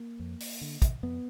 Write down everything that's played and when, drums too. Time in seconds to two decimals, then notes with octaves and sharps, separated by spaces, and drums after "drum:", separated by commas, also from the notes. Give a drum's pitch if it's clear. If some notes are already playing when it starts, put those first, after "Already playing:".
Already playing: A#3
0.20 F2
0.40 drum: open hi-hat
0.61 D3
0.82 drum: kick, hi-hat
1.03 F2 B3